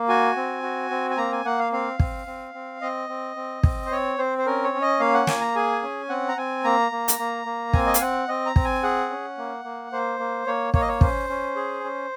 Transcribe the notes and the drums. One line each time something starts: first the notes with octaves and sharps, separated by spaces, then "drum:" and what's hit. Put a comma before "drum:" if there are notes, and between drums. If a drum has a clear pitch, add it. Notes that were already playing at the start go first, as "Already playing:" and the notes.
Already playing: A#3
F#4 G#5
C4
F#4
C4
G#5
A#3 A#5
G#5
A#3 F#5
F5
C4 F5
C4, drum: kick
C4
C4
C4 D#5
C4
C4
C4, drum: kick
C5
C4 C#5
C4 C5
C5
C#4 A#4
C#5
C#4
D#5
A#3 F5
F#5
A#3 G#5, drum: snare
A#5
G#4 G#5
C#4
C4 F#5
A#5
C4 G#5
A#3 A#5
A#3
drum: hi-hat
A#3
A#3
C4 G#5, drum: kick
D#5
F5, drum: hi-hat
C4 F#5
C4 D#5
A#5
C4, drum: kick
G#5
G#4 F#5
C#4
A#3
A#3
A#3 C5
A#3
A#3 C#5
A#3 C#5, drum: kick
D#5
C#5
C#4 C5, drum: kick
C#4
G#4
C#4